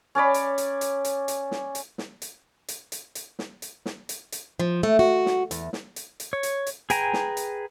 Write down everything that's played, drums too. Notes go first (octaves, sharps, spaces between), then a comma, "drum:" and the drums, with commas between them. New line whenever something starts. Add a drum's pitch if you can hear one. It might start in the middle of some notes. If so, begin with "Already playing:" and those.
C#4 C#5 D5 B5
drum: hi-hat
drum: hi-hat
drum: hi-hat
drum: hi-hat
drum: hi-hat
drum: snare
drum: hi-hat
drum: snare
drum: hi-hat
drum: hi-hat
drum: hi-hat
drum: hi-hat
drum: snare
drum: hi-hat
drum: snare
drum: hi-hat
drum: hi-hat
F3
A3
F#4
drum: snare
E2, drum: hi-hat
drum: snare
drum: hi-hat
drum: hi-hat
C#5
drum: hi-hat
drum: hi-hat
G#4 B4 G5 G#5 A#5, drum: hi-hat
drum: snare
drum: hi-hat